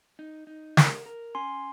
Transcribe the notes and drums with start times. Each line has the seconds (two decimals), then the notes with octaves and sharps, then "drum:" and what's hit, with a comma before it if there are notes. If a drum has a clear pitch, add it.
0.19 D#4
0.47 D#4
0.77 A#4, drum: snare
1.06 A#4
1.35 C#4 G#5 C6